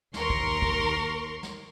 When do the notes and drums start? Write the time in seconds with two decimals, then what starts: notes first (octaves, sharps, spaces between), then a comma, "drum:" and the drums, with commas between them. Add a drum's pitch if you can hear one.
0.14 D#2 A#4 C6 C#6, drum: snare
0.30 drum: kick
0.62 drum: kick
1.43 drum: snare